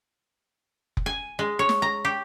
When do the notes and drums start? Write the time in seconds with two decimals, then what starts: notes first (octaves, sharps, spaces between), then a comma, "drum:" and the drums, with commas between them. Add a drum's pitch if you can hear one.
0.97 drum: kick F1
1.06 G#5
1.39 G#3
1.59 C#5
1.69 drum: snare
1.82 A#5
2.05 G4